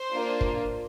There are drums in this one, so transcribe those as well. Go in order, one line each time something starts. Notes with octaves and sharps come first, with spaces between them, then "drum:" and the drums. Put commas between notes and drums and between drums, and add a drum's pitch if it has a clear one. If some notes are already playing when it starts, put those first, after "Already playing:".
Already playing: C5
A#3 D4 F4
drum: kick